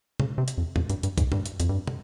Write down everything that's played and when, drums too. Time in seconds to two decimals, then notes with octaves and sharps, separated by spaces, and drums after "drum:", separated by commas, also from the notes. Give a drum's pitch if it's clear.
0.20 C#3, drum: tom A#2
0.38 C3
0.48 drum: hi-hat
0.58 F2
0.76 F2, drum: tom A#2
0.90 G2, drum: hi-hat
1.03 G2, drum: hi-hat
1.18 G#2, drum: kick, hi-hat
1.32 G2, drum: tom A#2
1.46 drum: hi-hat
1.60 F2, drum: hi-hat
1.69 G2
1.87 drum: tom